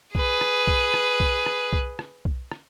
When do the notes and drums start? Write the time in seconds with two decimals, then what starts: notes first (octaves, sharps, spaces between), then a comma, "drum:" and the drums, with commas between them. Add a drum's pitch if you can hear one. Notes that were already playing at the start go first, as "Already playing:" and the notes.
0.15 G#4 B4, drum: kick B1
0.41 drum: rim click
0.67 drum: kick B1
0.94 drum: rim click
1.20 drum: kick B1
1.46 drum: rim click
1.73 drum: kick B1
1.99 drum: rim click
2.25 drum: kick B1
2.52 drum: rim click